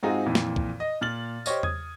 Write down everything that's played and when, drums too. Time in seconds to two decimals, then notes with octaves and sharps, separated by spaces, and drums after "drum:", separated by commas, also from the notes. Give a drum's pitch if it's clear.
0.03 G#2 C4 D#4 F4 F#4 G#4
0.26 F2 A#2 E3
0.35 drum: snare
0.56 drum: kick
0.80 D#5
1.01 A#2 F6 A6 F#7
1.46 G4 C5 C#5 D#5, drum: tambourine
1.63 D#6 G#6, drum: tom E2